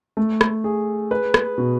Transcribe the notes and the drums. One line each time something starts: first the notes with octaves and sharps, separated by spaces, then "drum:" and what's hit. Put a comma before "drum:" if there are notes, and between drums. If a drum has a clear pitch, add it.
A3
drum: rim click
G#4
B4
drum: rim click
B2